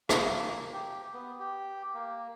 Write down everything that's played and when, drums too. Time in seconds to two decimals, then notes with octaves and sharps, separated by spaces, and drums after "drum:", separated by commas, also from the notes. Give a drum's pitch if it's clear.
0.09 A#3, drum: rim click
0.73 G4
1.13 B3
1.40 G4
1.94 A#3